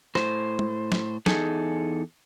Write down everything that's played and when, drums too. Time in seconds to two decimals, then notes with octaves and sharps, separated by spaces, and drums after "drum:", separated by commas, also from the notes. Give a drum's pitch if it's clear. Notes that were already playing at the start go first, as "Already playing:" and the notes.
0.15 A2 C5, drum: rim click
0.59 drum: tom
0.92 drum: snare
1.26 E2 D#4 G#4 A4, drum: snare